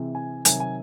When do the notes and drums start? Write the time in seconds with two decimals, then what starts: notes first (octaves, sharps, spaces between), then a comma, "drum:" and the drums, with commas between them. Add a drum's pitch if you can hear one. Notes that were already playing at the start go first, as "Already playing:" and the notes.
Already playing: C3 E3 G#3 C4
0.15 G#5
0.45 C3 D#3 F#3 G#5, drum: hi-hat
0.60 G#5